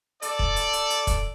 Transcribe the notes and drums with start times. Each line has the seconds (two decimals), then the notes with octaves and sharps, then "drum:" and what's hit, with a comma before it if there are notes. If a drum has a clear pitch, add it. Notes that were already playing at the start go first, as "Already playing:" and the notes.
0.22 A4 D5, drum: hi-hat
0.39 drum: kick
0.56 drum: hi-hat
0.73 drum: hi-hat
0.90 drum: hi-hat
1.07 drum: kick, hi-hat